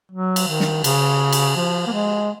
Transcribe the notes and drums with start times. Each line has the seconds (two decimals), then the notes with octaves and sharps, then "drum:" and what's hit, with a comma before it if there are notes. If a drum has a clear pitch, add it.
0.12 F#3
0.36 drum: cymbal
0.48 D#3
0.60 drum: snare
0.84 C#3, drum: cymbal
1.33 drum: cymbal
1.56 F3
1.87 A#3
1.92 G#3